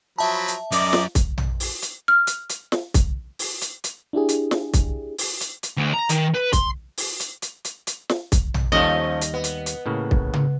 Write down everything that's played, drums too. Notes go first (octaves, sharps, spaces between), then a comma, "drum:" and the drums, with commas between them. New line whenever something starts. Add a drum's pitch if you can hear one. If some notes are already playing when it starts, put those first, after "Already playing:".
F3 F#3 E5 A5 B5
drum: hi-hat
F#2 A#4 D5 D#5 D6, drum: hi-hat
drum: snare
drum: kick, hi-hat
drum: tom A#1
drum: open hi-hat
drum: hi-hat
F6
drum: hi-hat
drum: hi-hat
drum: snare
drum: kick, hi-hat
drum: open hi-hat
drum: hi-hat
drum: hi-hat
D4 E4 G4 G#4
drum: hi-hat
drum: snare
drum: kick, hi-hat
drum: open hi-hat
drum: hi-hat
drum: hi-hat
D2
A#5
D#3, drum: hi-hat
B4
C6, drum: kick, hi-hat
drum: open hi-hat
drum: hi-hat
drum: hi-hat
drum: hi-hat
drum: hi-hat
drum: snare
drum: kick, hi-hat
drum: tom A#1
D#2 F3 G3 A3 C#4 D#5
drum: hi-hat
B3
drum: hi-hat
drum: hi-hat
A2 C#3 A#3
drum: kick
drum: tom C#3